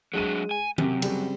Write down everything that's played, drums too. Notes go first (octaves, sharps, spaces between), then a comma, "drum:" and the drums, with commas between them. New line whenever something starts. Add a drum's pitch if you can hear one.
F#3 G#3 D4 D#7
G#5
F#2 C3 G4, drum: tom
C#3 G3 C4, drum: cymbal